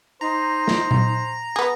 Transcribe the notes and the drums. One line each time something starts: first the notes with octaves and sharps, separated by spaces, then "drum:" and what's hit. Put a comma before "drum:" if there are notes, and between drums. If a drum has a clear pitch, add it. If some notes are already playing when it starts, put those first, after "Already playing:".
D#4 C5 A#5
drum: snare
drum: tom A#2
B3 G#4